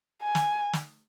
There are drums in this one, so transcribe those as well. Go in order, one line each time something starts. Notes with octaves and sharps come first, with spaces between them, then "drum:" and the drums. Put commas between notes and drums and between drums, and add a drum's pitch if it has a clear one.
G#5
drum: snare
drum: snare